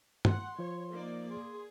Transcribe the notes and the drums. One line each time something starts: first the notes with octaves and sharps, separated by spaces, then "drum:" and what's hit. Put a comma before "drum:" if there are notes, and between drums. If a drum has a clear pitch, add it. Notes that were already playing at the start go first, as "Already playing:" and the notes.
F#5 C6, drum: tom G2
F3 F4 C5 C#5
A#3 D#4 D5
G#4 C6